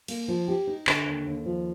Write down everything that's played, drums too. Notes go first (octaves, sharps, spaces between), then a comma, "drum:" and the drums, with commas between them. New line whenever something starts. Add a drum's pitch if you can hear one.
A#3, drum: cymbal
F3
G4
D#4
D3, drum: clap
D#2
D#2
F3